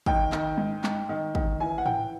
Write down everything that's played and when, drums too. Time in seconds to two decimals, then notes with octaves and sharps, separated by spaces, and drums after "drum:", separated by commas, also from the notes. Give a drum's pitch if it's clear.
0.06 D#3 G5, drum: kick
0.32 D#3, drum: clap
0.58 G#2
0.84 G#2, drum: clap
1.09 D#3
1.35 D#3, drum: kick
1.60 E3 G#5
1.78 F#5
1.86 E3 G5, drum: tom G#2